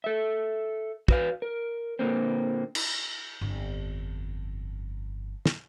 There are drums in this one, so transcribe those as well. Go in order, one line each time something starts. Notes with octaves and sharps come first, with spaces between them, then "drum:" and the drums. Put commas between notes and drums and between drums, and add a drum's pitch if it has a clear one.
A4 E5
F#4 B4 F5, drum: kick
A#4
A#2 D3 A#3 C4
drum: cymbal
G1 F2
drum: snare